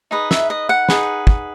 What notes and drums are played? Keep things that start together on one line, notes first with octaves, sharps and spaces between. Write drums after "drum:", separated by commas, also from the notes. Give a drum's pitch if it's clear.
D#4 G#4 B4 D#5
E5, drum: snare
D#5
F#5
D#4 G#4 B4, drum: snare
drum: kick